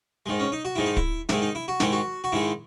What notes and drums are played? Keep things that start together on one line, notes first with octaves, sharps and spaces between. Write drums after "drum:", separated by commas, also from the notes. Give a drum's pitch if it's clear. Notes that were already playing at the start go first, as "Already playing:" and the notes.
G#2 D#3 G#3
C#4
D#4
F#4
G#2 D#3 G#3 E4
D#4
E4, drum: kick
G#2 D#3 G#3 E4, drum: snare
D#4
E4
F#4
G#2 D#3 G#3 E4, drum: snare
F#4
F#4
G#2 D#3 G#3 E4